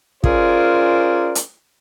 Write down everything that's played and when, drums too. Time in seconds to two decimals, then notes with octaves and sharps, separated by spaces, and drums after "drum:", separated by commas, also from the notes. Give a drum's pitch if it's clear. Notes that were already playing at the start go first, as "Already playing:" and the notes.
0.24 C#4 F4 G#4 A#4 C5 D5, drum: kick
1.35 drum: hi-hat